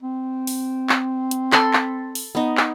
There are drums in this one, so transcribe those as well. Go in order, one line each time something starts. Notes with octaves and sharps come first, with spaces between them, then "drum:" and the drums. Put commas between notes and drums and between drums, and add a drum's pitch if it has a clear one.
C4
drum: open hi-hat
drum: clap
drum: hi-hat
A4 B5 C6, drum: clap
drum: clap
drum: open hi-hat
B3 D#4
drum: clap